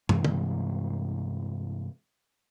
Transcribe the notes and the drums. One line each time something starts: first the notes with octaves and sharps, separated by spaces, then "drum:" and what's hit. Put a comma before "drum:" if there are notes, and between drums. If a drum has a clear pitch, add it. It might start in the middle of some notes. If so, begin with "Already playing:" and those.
G2 C3 E3 G#3, drum: tom
drum: tom